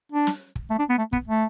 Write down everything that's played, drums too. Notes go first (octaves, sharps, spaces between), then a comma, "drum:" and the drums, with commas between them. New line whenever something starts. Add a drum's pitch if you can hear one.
D4
drum: snare
drum: kick
A3
D4
B3
A3
B3, drum: kick
A3